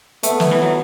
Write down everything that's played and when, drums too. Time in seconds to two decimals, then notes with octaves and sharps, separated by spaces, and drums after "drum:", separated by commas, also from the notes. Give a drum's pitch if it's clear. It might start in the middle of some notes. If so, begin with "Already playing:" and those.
0.23 A3 B3, drum: hi-hat
0.40 drum: snare
0.51 E3
0.62 F#3